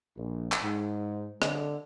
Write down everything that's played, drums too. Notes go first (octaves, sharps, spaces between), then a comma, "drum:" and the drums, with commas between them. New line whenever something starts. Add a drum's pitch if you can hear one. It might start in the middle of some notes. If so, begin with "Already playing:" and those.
A#1
drum: clap
G#2
D3, drum: rim click